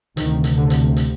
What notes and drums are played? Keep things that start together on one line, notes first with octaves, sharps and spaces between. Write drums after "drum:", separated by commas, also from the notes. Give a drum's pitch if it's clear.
D2 C3 D#3, drum: hi-hat
drum: hi-hat
D3
drum: hi-hat
drum: hi-hat